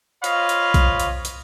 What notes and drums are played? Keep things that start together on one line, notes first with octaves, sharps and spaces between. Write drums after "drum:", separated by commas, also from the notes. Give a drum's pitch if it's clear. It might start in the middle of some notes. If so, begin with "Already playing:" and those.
F4 C5 C#5 D#5 F5 B5, drum: hi-hat
drum: hi-hat
drum: kick B1, hi-hat
drum: hi-hat
drum: hi-hat